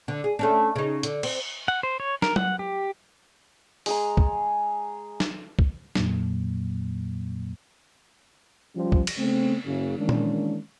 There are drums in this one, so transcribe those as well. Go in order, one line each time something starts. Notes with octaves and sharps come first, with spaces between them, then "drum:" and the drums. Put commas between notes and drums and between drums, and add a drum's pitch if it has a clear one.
D3
G#4
A3 C#4 D4
C#3 D#4
D3, drum: hi-hat
C4, drum: cymbal
F#5
C5
C#5
A#4, drum: snare
F#5, drum: tom F#3
G4
G#3 G#4 A#5, drum: open hi-hat
drum: kick
drum: snare
drum: kick
F2 A#2 F#3 A#3, drum: snare
C#3 F3 G3
drum: kick
drum: cymbal
C#3 A3 B3 C4
F#1 C#3
D#3 E3 G#3 A#3 C#4 D4
drum: tom A#2